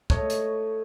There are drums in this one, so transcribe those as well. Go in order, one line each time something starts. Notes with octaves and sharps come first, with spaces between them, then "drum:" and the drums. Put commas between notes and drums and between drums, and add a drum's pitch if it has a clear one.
A3 C#5 D#5, drum: kick
drum: hi-hat